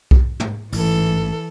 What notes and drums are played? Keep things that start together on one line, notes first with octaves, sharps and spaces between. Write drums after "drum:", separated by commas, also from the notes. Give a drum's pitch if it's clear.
drum: kick B1
drum: tom
A1 G#2 E3 A4, drum: open hi-hat